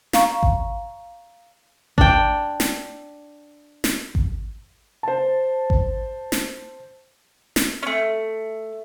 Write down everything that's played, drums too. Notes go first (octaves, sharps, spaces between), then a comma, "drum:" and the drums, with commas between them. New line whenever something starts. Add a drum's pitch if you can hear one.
D5 F5 A#5 C#6, drum: snare
drum: kick G#1
D4 G5, drum: kick G#1
drum: snare
drum: snare
drum: kick G#1
C5 A5
drum: kick G#1
drum: snare
drum: snare
A3 C#4